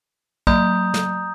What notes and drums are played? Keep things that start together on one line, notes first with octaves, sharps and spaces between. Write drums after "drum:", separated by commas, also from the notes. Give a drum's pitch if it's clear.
F#3 A#5 D#6 G6, drum: kick
drum: snare